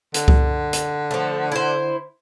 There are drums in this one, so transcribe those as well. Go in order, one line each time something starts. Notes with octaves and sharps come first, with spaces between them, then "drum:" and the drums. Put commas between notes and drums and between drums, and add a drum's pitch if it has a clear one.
D3, drum: hi-hat
drum: kick C#2
drum: hi-hat
F3 A3
E4 C5